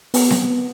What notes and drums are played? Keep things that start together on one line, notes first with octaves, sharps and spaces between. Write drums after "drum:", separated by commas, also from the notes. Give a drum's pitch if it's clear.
B3, drum: open hi-hat
drum: snare C4